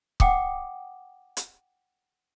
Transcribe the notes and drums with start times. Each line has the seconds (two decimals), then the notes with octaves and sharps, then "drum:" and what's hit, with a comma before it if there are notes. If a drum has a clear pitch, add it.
0.20 F#5 G5 D6 D#6, drum: kick C#1
1.37 drum: hi-hat